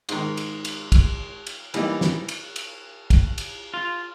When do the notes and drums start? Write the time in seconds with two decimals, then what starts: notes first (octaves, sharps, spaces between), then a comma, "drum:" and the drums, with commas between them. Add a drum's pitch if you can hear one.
0.09 G#2 D#3, drum: cymbal
0.37 drum: cymbal
0.65 drum: cymbal
0.92 drum: kick, cymbal
1.47 drum: cymbal
1.74 E3 G3 A#3 D#4, drum: cymbal
2.01 drum: snare
2.28 drum: cymbal
2.56 drum: cymbal
3.10 drum: kick, cymbal
3.38 drum: cymbal
3.74 F4